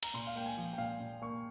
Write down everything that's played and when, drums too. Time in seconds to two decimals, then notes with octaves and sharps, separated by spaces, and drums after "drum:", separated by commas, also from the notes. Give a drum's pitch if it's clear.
0.03 A#5, drum: cymbal
0.14 A#2 C6
0.27 F5
0.36 A#3 G5
0.46 G#5
0.57 F3
0.73 G5
0.78 A#2 F5
1.00 A#2
1.22 A#3 C#6